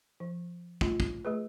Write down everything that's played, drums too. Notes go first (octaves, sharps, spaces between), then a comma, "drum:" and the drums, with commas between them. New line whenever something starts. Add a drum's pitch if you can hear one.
F3
A3 F4, drum: kick
drum: kick
A3 G#4 B4